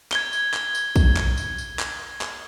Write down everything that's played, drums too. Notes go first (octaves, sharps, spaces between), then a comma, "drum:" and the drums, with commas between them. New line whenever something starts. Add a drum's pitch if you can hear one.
G#6 G7, drum: clap
drum: tambourine
drum: clap
drum: tambourine
drum: kick, tambourine
drum: clap
drum: tambourine
drum: tambourine
drum: clap
drum: clap